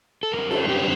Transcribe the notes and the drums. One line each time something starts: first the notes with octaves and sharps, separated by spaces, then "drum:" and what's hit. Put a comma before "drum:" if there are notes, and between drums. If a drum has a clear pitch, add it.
A4
F#2 D3 G3 C4 A#4
A4, drum: cymbal
G4